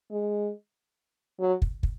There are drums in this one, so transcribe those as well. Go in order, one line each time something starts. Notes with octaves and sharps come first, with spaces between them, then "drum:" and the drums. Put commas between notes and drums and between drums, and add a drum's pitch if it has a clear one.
G#3
F#3
drum: kick
drum: kick